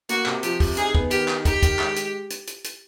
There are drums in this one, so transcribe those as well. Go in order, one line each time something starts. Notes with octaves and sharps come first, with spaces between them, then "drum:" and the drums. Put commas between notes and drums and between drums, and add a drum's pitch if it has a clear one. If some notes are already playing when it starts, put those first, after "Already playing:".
A#3 F#4, drum: hi-hat
C3, drum: clap
F3 G4, drum: hi-hat
C3, drum: kick, open hi-hat
D#4 G#4, drum: hi-hat
B3, drum: kick
D#3 G4, drum: hi-hat
D#4, drum: clap
D#4 G4, drum: kick, hi-hat
D#3, drum: kick, hi-hat
G#3, drum: clap
drum: hi-hat
drum: hi-hat
drum: hi-hat
drum: hi-hat